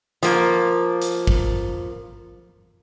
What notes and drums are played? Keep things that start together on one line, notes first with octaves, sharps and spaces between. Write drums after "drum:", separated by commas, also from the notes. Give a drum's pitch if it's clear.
F3 A#3, drum: hi-hat
drum: hi-hat
drum: kick